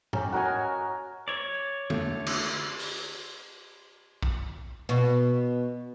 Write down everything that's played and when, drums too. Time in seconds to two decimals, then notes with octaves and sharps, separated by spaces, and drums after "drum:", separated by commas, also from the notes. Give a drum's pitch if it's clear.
0.13 C#4 G4 A#4, drum: tom G#2
0.32 F#4 A#4 D#5 G#5
1.28 C#5 D5
1.90 D3 A3, drum: tom
2.26 drum: cymbal
2.79 drum: open hi-hat
4.23 drum: kick
4.89 B2